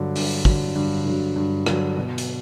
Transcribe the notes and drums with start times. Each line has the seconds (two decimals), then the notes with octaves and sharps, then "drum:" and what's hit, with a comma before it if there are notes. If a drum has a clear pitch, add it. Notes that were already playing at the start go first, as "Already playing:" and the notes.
Already playing: G2 D3 F#3
0.15 G2, drum: open hi-hat
0.45 D3 F#3, drum: kick
0.75 G2
1.06 D3 F#3
1.36 G2
1.66 D3 F#3, drum: rim click
1.97 B2
2.18 drum: hi-hat